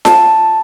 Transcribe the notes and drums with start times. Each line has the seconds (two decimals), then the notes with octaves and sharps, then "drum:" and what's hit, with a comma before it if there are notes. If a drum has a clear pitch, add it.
0.05 A5, drum: snare F4